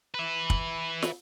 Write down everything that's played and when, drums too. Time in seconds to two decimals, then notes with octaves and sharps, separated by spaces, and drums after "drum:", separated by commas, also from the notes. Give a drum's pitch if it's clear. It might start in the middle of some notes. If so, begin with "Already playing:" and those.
0.15 B4 E5
0.50 drum: kick
1.02 drum: snare